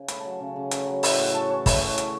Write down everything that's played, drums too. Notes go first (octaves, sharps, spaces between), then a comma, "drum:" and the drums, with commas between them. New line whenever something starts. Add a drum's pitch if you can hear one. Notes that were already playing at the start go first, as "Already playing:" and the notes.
Already playing: C#3
A3 B5, drum: hi-hat
F#3 A5
F#5
C#3
C#3
A3, drum: hi-hat
F#3
A2 E5, drum: open hi-hat
A2 F#5
A3 A5
E3 C#5
A2, drum: kick, open hi-hat
A2
A3, drum: hi-hat